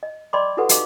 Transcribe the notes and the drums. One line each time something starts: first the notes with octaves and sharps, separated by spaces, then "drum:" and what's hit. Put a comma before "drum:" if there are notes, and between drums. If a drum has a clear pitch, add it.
D#5
D5 D#5 G5 B5 C6 D6
E4 F#4 G4 A4 B4 F#5
D#4 F#4 D#5 F5 D6, drum: hi-hat